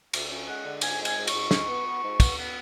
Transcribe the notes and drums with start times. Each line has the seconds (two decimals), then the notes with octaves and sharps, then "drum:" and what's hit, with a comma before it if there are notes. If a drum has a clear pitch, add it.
0.13 D2, drum: cymbal
0.30 C#4
0.48 G#3 F#5
0.65 D3
0.81 G#2 G#5, drum: cymbal
1.00 G#3
1.05 G#5, drum: cymbal
1.17 G#2
1.27 C#6, drum: cymbal
1.34 G#2
1.51 G#2, drum: snare
1.68 B3
1.85 B3
2.02 G#2
2.20 B3, drum: kick, cymbal
2.37 B3